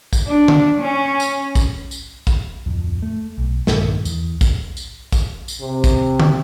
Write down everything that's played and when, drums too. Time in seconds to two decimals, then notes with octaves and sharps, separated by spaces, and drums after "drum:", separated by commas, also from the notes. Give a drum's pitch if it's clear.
0.13 drum: kick, tambourine
0.27 D4
0.48 drum: tom
0.79 C#4
1.20 drum: tambourine
1.55 drum: kick, tambourine
1.91 drum: tambourine
2.27 drum: kick, tambourine
2.66 D1 F2
3.02 A3
3.38 B1
3.67 B1 G2 A#2 D#3, drum: snare
4.05 E2, drum: tambourine
4.41 drum: kick, tambourine
4.77 drum: tambourine
5.12 drum: kick, tambourine
5.48 drum: tambourine
5.61 C3
5.84 drum: kick, tambourine
6.20 drum: tom